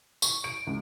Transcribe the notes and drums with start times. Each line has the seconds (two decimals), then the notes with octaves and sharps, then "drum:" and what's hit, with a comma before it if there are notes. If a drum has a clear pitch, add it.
0.22 C#6, drum: tambourine
0.44 D7
0.67 C#2